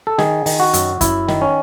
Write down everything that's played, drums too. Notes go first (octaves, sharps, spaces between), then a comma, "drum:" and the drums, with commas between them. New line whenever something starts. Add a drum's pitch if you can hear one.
A4
D#3 G#4, drum: snare
D#3, drum: open hi-hat
F#4
F#2, drum: hi-hat
F#2 E4, drum: kick, hi-hat
D#3, drum: snare
C#4